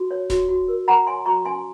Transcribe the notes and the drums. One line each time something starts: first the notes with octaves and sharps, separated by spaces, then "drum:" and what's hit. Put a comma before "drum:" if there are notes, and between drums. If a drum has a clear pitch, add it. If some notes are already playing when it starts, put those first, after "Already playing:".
Already playing: F#4
C#5
F#4, drum: snare D1
F#4
A#4
A#4 F#5 A#5
C#5 G#5 C6
F#4 A#5 C#6
C#4 G#5 C6